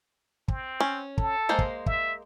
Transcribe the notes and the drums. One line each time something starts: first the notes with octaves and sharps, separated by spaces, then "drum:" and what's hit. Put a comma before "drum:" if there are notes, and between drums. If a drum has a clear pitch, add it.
C4, drum: kick
C#4
A4, drum: kick
G#3 A#3 C5
drum: kick
E5, drum: kick